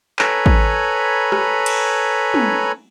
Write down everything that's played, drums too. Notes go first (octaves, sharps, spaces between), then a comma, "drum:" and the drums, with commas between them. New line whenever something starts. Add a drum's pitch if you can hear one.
A4 B4 C#5 G#5 A#5 B5, drum: clap
drum: kick
drum: rim click
drum: cymbal
drum: tom